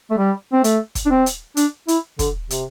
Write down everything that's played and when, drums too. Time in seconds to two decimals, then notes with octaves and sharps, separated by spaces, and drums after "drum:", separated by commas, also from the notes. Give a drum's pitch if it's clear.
0.11 A3
0.18 G3
0.53 C4
0.64 A3, drum: hi-hat
0.95 drum: kick, hi-hat
1.06 D4
1.11 C4
1.26 drum: hi-hat
1.57 D4, drum: hi-hat
1.88 E4, drum: hi-hat
2.19 D3, drum: kick, hi-hat
2.50 C3, drum: hi-hat